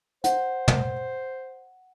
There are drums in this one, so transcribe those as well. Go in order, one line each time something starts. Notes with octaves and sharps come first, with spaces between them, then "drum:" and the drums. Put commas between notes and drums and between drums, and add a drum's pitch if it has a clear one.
C5 F#5, drum: hi-hat
drum: tom